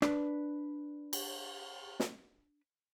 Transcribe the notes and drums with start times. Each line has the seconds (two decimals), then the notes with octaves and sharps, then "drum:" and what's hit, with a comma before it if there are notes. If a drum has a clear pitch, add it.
0.02 D4 B4, drum: rim click
1.13 drum: cymbal
2.00 drum: snare